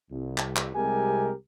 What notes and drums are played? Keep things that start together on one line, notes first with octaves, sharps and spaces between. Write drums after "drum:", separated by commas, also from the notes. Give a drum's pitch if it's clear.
C2
drum: clap
drum: clap
C2 C3 G#3 G4 A#4 G#5